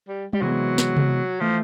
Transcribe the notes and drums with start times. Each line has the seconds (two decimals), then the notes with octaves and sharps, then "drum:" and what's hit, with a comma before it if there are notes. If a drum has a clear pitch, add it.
0.08 G3
0.33 G3, drum: tom G3
0.41 C3 E3 F#3 G#3 B3
0.78 drum: snare
0.97 drum: tom C3
1.40 E3 F3 A3